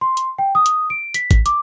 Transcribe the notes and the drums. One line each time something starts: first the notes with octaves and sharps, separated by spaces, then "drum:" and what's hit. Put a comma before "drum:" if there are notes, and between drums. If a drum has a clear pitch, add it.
C6
drum: hi-hat
G5
D#6
drum: hi-hat
D7
B6, drum: hi-hat
drum: kick, hi-hat
D6, drum: hi-hat